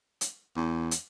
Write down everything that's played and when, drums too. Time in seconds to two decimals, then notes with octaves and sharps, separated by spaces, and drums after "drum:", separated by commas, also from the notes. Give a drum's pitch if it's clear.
0.21 drum: hi-hat
0.56 E2
0.91 drum: hi-hat